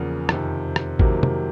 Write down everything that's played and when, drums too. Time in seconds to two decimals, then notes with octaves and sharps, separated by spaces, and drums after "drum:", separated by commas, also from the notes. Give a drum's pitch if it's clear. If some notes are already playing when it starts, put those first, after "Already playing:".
Already playing: E2 C#3 F3 A#3
0.29 F2 C3 D#3, drum: rim click
0.76 drum: rim click
0.99 F2 C3 D#3 F#3 A#3, drum: kick G#1
1.23 drum: tom